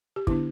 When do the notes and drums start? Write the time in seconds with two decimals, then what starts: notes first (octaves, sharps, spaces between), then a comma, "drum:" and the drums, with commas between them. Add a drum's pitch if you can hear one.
0.16 G4
0.27 D3 B3 D4 E4, drum: kick